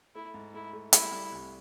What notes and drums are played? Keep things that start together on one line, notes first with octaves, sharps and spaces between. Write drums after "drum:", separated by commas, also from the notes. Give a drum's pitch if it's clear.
A3 E4
G#2
A3 E4
A3
G3 E4, drum: hi-hat
G3
C2